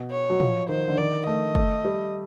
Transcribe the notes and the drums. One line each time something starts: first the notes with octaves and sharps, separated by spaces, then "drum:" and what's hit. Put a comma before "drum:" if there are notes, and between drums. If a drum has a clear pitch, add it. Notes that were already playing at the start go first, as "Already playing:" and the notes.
Already playing: B2
C#5
F#3
F3, drum: tom
D#3 C5
D3
D#3 D5
A3 D#5
A3, drum: kick
G3